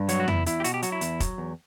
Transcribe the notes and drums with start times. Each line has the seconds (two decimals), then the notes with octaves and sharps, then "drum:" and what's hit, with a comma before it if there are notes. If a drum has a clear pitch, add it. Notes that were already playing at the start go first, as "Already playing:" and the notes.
Already playing: G2
0.09 F#3 C#5, drum: hi-hat
0.20 F#4
0.28 E2 E4, drum: tom F2
0.46 E2 E4, drum: hi-hat
0.60 G4
0.64 B2 F#4, drum: hi-hat
0.74 G4
0.82 F#3 F#4, drum: hi-hat
0.92 E4
1.01 E2, drum: hi-hat
1.20 F#3, drum: kick F1, hi-hat
1.38 E2